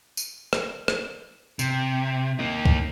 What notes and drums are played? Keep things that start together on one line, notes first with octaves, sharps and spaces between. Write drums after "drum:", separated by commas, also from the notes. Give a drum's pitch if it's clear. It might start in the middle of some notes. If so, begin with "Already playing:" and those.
drum: tambourine
drum: rim click
drum: rim click
C3, drum: tambourine
A#3 D#4
drum: kick